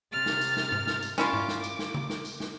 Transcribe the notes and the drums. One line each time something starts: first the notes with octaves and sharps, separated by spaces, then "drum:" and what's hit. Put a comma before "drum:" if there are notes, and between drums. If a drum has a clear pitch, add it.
C3 F6 A6
drum: snare
drum: tambourine
drum: snare
drum: tom G2
drum: snare
drum: tambourine
C#4 E4 F4 D6, drum: snare
drum: tom G2
drum: snare
drum: tambourine
drum: snare
drum: tom C#3
drum: snare
drum: tambourine
drum: snare